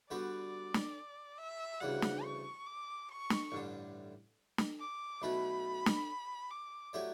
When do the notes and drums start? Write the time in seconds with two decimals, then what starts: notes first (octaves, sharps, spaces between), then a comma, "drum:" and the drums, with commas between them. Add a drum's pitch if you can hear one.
0.10 D3 G3 B3 F#4 B4 D5
0.74 drum: snare
1.38 E5
1.80 D2 C#3 E3 G3 F#5
2.02 drum: snare
2.24 C#6
2.66 D6
3.09 C#6
3.30 drum: snare
3.52 A1 G2 D3
4.58 drum: snare
4.80 D6
5.22 B1 B2 A3 E4 A4 B5
5.86 drum: snare
6.50 D6
6.93 F#3 A3 E4 G4 D5